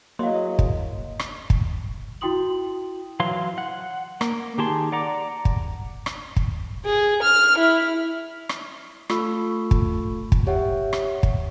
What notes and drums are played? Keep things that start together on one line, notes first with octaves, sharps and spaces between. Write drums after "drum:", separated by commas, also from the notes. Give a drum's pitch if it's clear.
F#3 A#3 E4 G#4 D#5 F5 C6
drum: kick
drum: rim click
drum: kick
E4 F#4 G5 C6 D#6 F#7
E3 F#3 F5 C6
F#5
A#3, drum: rim click
D#3 G4 G#4 A5 C6
D5 F#5 A#5 D6
drum: kick
drum: rim click
drum: kick
G#4
F6
E4
drum: rim click
A3 F4 A4 B5 C#6 E6, drum: rim click
drum: kick
drum: kick
G4 C#5 E5 F#5
drum: rim click
drum: kick